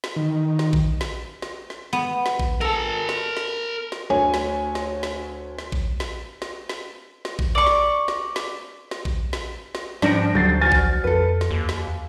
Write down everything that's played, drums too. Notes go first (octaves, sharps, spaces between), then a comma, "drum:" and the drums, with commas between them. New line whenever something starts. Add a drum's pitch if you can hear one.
drum: snare
D#3
drum: snare
drum: kick A1
drum: snare
drum: snare
drum: snare
B3
drum: snare
drum: kick A1
A4 A#4 A5
drum: snare
drum: snare
drum: snare
D2 C#5 G#5
drum: snare
drum: snare
drum: snare
drum: snare
drum: kick A1
drum: snare
drum: snare
drum: snare
drum: snare
drum: kick A1
D5 C#6
drum: snare
drum: snare
drum: snare
drum: snare
drum: kick A1
drum: snare
drum: snare
G#2 F3 G3 C#4 D4 A#6 D7, drum: snare
D2 D3 F#3 G3 G6 A6 C7
F#4 D5 G#5 F6 A6
drum: kick A1
F2 A4 B4
drum: snare
D#2
drum: snare